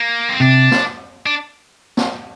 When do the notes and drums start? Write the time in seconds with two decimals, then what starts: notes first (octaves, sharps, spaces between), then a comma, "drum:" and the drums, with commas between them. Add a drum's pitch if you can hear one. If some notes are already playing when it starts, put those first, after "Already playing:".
Already playing: A#3
0.29 C4
0.40 C3 D4
0.71 drum: snare
1.26 D4
1.97 drum: snare